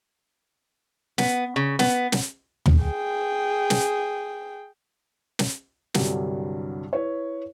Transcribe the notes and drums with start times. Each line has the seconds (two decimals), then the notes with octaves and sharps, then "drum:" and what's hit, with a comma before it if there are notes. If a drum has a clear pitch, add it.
1.18 B3, drum: snare
1.56 C#3
1.79 B3, drum: snare
2.12 drum: snare
2.66 drum: tom
2.83 G#4 G5
3.70 drum: snare
5.39 drum: snare
5.94 C2 G2 D3 F#3 G3, drum: snare
6.93 E4 B4 C#5